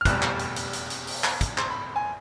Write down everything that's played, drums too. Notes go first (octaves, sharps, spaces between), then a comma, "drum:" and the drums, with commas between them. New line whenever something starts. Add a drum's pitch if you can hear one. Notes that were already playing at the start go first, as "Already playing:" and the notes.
F6
F1 E2 B2 G3 F#6, drum: kick, hi-hat
drum: clap
drum: hi-hat
drum: hi-hat
drum: hi-hat
drum: hi-hat
drum: open hi-hat
drum: clap
drum: kick, hi-hat
C6, drum: clap
B5
G#5